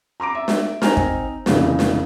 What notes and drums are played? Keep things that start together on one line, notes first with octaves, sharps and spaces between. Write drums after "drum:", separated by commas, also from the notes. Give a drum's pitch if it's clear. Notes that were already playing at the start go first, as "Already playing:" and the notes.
A#5 C6 D6 D7
E5
drum: snare
C4 D#4 G#5 A#5 F6, drum: snare
drum: kick
F1 A#1 C#3 E3 D#4, drum: snare
drum: snare